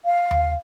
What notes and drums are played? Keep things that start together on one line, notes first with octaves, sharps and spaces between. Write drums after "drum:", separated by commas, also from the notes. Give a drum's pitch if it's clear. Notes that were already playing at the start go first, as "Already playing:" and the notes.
F5
drum: tom D#2